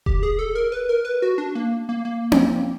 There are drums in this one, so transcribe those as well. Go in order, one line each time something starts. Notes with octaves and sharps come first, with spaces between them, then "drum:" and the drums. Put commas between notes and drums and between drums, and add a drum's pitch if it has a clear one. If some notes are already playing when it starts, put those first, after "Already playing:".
G4, drum: kick E1
G#4
A4
A#4
B4
A#4
B4
F#4
D4
A#3
A#3
A#3
drum: tom C4